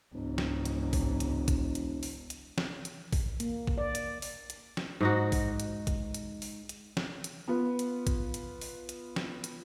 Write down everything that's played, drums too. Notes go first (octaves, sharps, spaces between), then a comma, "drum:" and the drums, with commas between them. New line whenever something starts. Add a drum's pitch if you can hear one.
E1 C#2 G#2
drum: snare
drum: hi-hat
drum: kick A1, open hi-hat
drum: hi-hat
drum: kick A1, hi-hat
drum: hi-hat
drum: open hi-hat
drum: hi-hat
drum: snare
drum: hi-hat
drum: kick A1, open hi-hat
A#3, drum: hi-hat
drum: kick A1
D5
drum: hi-hat
drum: open hi-hat
drum: hi-hat
drum: snare
G#2 D#4 F#4
drum: kick A1, open hi-hat
drum: hi-hat
drum: kick A1, hi-hat
drum: hi-hat
drum: open hi-hat
drum: hi-hat
drum: snare
drum: hi-hat
B3 F4 B4
drum: hi-hat
drum: kick A1, hi-hat
drum: hi-hat
drum: open hi-hat
drum: hi-hat
drum: snare
drum: hi-hat